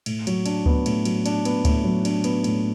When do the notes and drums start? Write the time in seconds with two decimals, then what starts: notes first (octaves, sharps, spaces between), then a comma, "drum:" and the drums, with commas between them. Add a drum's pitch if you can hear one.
0.06 A2, drum: cymbal
0.27 F#3, drum: cymbal
0.46 D4, drum: cymbal
0.66 B3, drum: kick D2
0.86 A2, drum: cymbal
1.05 F#3, drum: cymbal
1.26 D4, drum: cymbal
1.45 B3, drum: cymbal
1.65 A2, drum: kick D2, cymbal
1.84 F#3
2.05 D4, drum: cymbal
2.24 B3, drum: cymbal
2.44 A2, drum: cymbal